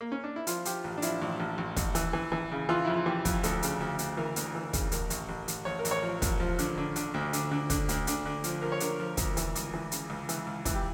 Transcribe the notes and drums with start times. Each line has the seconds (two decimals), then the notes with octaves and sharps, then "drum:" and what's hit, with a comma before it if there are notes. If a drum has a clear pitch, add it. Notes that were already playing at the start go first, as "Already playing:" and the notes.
0.01 A#3
0.12 C#4
0.24 D4
0.36 E4
0.47 F3 F4, drum: hi-hat
0.65 F3 G4, drum: hi-hat
0.84 A1
0.98 D4
1.02 F3 E4, drum: hi-hat
1.22 A1
1.40 A1
1.58 A1
1.76 A1, drum: kick, hi-hat
1.95 E3, drum: hi-hat
2.13 E3
2.32 E3
2.52 C#3
2.69 E3 F4
2.85 F2 E4
2.95 F4
3.06 E3 G4
3.25 F2, drum: kick, hi-hat
3.43 D2 A4, drum: hi-hat
3.63 C#3, drum: hi-hat
3.80 D2
3.99 D2, drum: hi-hat
4.17 E3 A#4
4.36 D2, drum: hi-hat
4.55 E3
4.73 C#3, drum: kick, hi-hat
4.92 A1 A#4, drum: hi-hat
5.10 A1, drum: hi-hat
5.29 A1
5.48 A1, drum: hi-hat
5.65 A1 C#5
5.79 A#4
5.85 A1, drum: hi-hat
5.91 C#5
6.03 F3
6.22 A1, drum: kick, hi-hat
6.40 F3
6.59 D3, drum: hi-hat
6.78 D3
6.96 D3, drum: hi-hat
7.14 D2
7.33 D3, drum: hi-hat
7.51 D3
7.70 D3, drum: kick, hi-hat
7.89 D2, drum: hi-hat
8.07 D3, drum: hi-hat
8.25 D3
8.44 F3, drum: hi-hat
8.62 F3 A#4
8.72 C#5
8.80 D3 A#4, drum: hi-hat
9.00 F3
9.17 D2, drum: kick, hi-hat
9.37 E3, drum: hi-hat
9.55 C#2, drum: hi-hat
9.74 E3
9.92 C#3, drum: hi-hat
10.10 C#2
10.29 E3, drum: hi-hat
10.47 C#2
10.65 E3, drum: kick, hi-hat
10.74 G4